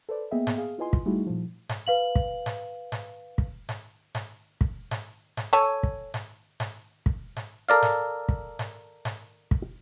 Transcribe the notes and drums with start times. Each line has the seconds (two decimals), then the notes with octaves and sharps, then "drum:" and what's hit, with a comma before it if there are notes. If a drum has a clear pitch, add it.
0.09 A4 B4 C5 D5
0.31 A#3 B3 G#4 D#5 E5 G5
0.47 drum: snare G#2
0.58 G#4 F5
0.78 E4 F4 B4 D#5 G#5 C6
0.93 drum: kick
1.06 G3 A3 D#4 E4 F#4 G#4
1.27 A#2 F3
1.70 drum: snare G#2
1.87 B4 F5 F#7
2.15 drum: kick
2.46 drum: snare G#2
2.92 drum: snare G#2
3.38 drum: kick
3.69 drum: snare G#2
4.15 drum: snare G#2
4.61 drum: kick
4.91 drum: snare G#2
5.37 drum: snare G#2
5.53 A4 C#5 G#5
5.83 drum: kick
6.14 drum: snare G#2
6.60 drum: snare G#2
7.06 drum: kick
7.37 drum: snare G#2
7.69 A4 A#4 D5 F5
7.83 drum: snare G#2
8.29 drum: kick
8.59 drum: snare G#2
9.05 drum: snare G#2
9.51 drum: kick